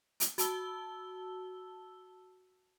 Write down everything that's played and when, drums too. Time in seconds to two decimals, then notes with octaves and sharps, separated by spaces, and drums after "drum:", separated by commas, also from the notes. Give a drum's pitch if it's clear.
0.20 drum: hi-hat
0.38 F#4 A5 E6 G7, drum: hi-hat